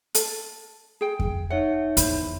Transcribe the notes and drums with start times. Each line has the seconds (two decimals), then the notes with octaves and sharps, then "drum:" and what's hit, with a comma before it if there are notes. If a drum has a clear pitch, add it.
0.15 A4, drum: hi-hat
1.01 G#4 G5
1.19 drum: kick F2
1.50 D#4 C#5 E5 F#5
1.97 E2 C5 B5, drum: hi-hat